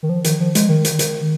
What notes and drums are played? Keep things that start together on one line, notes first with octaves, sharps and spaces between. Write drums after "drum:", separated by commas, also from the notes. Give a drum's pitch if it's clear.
D#3
F3
D#3, drum: hi-hat
F3
G#3, drum: hi-hat
D#3
drum: hi-hat
D#3, drum: hi-hat